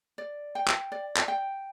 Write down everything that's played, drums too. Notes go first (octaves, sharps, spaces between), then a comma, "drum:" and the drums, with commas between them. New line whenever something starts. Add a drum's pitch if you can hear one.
D5
G5
drum: clap
D5
drum: clap
G5